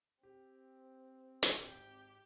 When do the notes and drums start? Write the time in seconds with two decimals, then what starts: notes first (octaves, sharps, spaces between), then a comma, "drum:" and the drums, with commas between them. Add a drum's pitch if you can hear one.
0.23 C4 G4
1.43 drum: hi-hat
1.60 G#1 G4